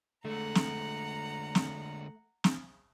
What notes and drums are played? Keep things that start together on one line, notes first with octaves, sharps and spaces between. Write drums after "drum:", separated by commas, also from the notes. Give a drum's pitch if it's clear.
D3 G#3 A3 F#5 A#5
drum: snare
drum: snare
drum: snare